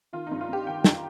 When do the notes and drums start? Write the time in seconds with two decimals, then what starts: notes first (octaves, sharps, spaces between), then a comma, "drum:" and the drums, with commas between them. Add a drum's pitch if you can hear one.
0.13 D#3 F4
0.27 G2 D#4
0.41 F4
0.49 G2 G4
0.67 D#3 G5
0.84 D#3 A#5, drum: snare